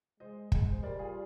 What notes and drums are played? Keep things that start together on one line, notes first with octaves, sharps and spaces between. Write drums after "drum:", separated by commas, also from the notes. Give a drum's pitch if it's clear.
G#3 C5 D#5
G#3, drum: kick
C5
G3 A#4 D5
F4 G#4